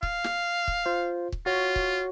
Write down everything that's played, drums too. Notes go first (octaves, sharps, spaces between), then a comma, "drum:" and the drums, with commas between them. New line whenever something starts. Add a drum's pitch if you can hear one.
F5, drum: kick
drum: snare
drum: kick
F4 C5
drum: kick
F4 F#4 C#5
drum: kick